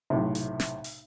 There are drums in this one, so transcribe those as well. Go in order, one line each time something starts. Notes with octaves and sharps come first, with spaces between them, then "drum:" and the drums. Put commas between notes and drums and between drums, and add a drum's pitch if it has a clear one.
B1 A2 C3
drum: hi-hat
drum: snare
drum: open hi-hat